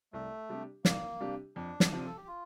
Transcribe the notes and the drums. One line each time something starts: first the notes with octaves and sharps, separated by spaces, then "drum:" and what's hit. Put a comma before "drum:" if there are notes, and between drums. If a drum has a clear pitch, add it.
C2 A3
C3 G3 D4 G4
C2 A#3, drum: snare
C3 G3 D4 G4
F2 D4
drum: snare
C3 F3
A4
G4
F4